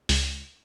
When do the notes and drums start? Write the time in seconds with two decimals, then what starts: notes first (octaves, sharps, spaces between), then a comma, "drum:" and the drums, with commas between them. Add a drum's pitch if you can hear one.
0.09 C#2, drum: open hi-hat